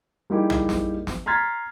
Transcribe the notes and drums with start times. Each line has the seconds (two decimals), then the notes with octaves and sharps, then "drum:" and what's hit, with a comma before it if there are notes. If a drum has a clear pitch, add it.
0.30 G3 A#3 D#4 E4 G4 G#4
0.50 drum: tom B1
0.69 drum: snare
1.07 drum: snare
1.26 A#5 C6 F6 G#6 A6 B6